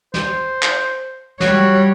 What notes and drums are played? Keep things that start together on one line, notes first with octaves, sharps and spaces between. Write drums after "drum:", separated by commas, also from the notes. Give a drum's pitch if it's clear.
C5, drum: snare
drum: clap
G3 F#4 C#5, drum: snare